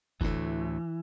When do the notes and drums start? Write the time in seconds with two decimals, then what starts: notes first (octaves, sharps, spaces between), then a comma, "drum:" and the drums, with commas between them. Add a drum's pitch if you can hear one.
0.21 D2 A2 E3, drum: kick F#1